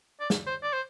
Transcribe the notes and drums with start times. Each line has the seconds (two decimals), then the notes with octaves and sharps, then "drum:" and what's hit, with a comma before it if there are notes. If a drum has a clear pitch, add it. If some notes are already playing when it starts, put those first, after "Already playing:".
0.20 D5
0.30 drum: snare
0.47 C5
0.63 D5
0.73 C5